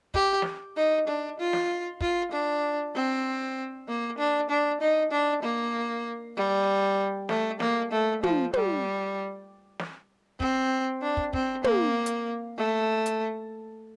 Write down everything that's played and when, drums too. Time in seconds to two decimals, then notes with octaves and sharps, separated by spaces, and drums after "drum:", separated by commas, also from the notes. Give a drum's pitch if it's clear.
0.14 G4, drum: kick
0.42 drum: snare
0.77 D#4
1.07 D4
1.40 F4
1.53 drum: snare
2.01 F4, drum: kick
2.32 D4
2.95 C4
3.88 A#3
4.18 D4
4.50 D4
4.81 D#4
5.11 D4
5.42 A#3
6.36 G3
7.29 A3, drum: snare
7.60 A#3, drum: snare
7.91 A3
8.23 F3, drum: tom
8.53 G3, drum: tom
9.79 drum: snare
10.40 C4, drum: kick
11.02 D4
11.17 drum: kick
11.33 C4, drum: kick
11.64 A#3, drum: tom
12.06 drum: hi-hat
12.57 A3
13.06 drum: hi-hat